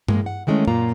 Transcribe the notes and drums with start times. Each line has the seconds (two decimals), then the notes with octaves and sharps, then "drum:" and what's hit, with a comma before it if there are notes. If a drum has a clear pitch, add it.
0.08 A2 G#3 A#3, drum: tom G2
0.26 F#5
0.47 D#3 E3 G#3 A3 C#4
0.68 F#2 A#2 A#3 F4 A#5